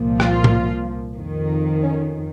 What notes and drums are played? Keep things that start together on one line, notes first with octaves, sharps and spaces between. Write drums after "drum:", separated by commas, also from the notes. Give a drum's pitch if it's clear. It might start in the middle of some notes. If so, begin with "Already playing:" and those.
Already playing: C2 A#2 F3
F4, drum: rim click
drum: tom A2
F2 D#3
C#4